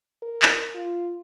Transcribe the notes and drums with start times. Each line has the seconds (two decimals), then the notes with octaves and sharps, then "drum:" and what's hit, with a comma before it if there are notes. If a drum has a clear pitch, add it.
0.23 A#4
0.42 drum: clap
0.75 F4